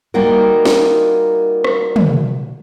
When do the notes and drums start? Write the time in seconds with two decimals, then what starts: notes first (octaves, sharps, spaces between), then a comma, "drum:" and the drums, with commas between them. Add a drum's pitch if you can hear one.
0.14 G3 A#3 D#4 F4 F#4 A#4
0.65 drum: snare
1.64 drum: rim click
1.96 drum: tom